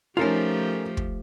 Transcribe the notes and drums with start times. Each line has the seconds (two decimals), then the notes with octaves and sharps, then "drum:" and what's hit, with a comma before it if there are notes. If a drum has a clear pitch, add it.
0.17 F3 A3 C#4 D#4 F4 G4 A4 A#4
0.97 drum: kick